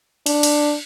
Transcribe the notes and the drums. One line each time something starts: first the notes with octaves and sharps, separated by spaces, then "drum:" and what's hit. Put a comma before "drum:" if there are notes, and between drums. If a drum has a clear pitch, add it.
D4, drum: cymbal
drum: cymbal